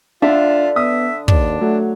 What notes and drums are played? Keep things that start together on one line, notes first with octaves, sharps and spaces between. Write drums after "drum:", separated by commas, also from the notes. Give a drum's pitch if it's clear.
D3 D4 F4 E5
B3 E5 D#6
D#2 D4, drum: kick
F#3 A3